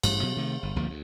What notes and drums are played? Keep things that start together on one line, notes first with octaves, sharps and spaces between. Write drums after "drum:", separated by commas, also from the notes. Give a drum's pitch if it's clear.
A1 G2, drum: cymbal
B2 F#3
C3 D#3 A3
G1
G#1 D2 F3 A#3
D2